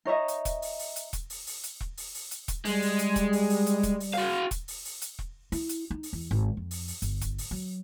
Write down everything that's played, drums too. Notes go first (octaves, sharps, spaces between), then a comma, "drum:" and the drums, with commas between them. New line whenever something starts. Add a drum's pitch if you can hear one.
D#4 C#5 D#5 E5
drum: hi-hat
drum: kick E1, hi-hat
drum: open hi-hat
drum: open hi-hat
drum: hi-hat
drum: kick E1, hi-hat
drum: open hi-hat
drum: open hi-hat
drum: hi-hat
drum: kick E1
drum: open hi-hat
drum: open hi-hat
drum: hi-hat
drum: kick E1, hi-hat
G3 G#3, drum: open hi-hat
drum: open hi-hat
drum: hi-hat
drum: kick E1, hi-hat
drum: open hi-hat
drum: open hi-hat
drum: hi-hat
drum: kick E1, hi-hat
drum: open hi-hat
F#4 F5
drum: kick E1, hi-hat
drum: open hi-hat
drum: open hi-hat
drum: hi-hat
drum: kick E1
E4, drum: open hi-hat
drum: hi-hat
D#4
drum: open hi-hat
E2
G#1
F2
drum: open hi-hat
drum: open hi-hat
G1, drum: hi-hat
drum: kick E1, hi-hat
drum: open hi-hat
F#3